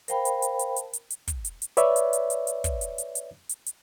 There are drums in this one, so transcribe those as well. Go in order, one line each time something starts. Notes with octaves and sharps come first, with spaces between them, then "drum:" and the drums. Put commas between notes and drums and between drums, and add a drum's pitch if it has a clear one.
A#4 C5 F5 G5 A5 B5, drum: hi-hat
drum: hi-hat
drum: hi-hat
drum: hi-hat
drum: hi-hat
drum: hi-hat
drum: hi-hat
drum: kick, hi-hat
drum: hi-hat
drum: hi-hat
B4 C#5 D5 E5, drum: hi-hat
drum: hi-hat
drum: hi-hat
drum: hi-hat
drum: hi-hat
drum: kick, hi-hat
drum: hi-hat
drum: hi-hat
drum: hi-hat
drum: hi-hat
drum: hi-hat